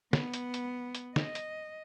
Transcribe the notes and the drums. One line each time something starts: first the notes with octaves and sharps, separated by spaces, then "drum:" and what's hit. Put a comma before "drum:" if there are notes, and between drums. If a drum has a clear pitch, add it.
B3, drum: snare
drum: hi-hat
drum: hi-hat
drum: hi-hat
D#5, drum: snare
drum: hi-hat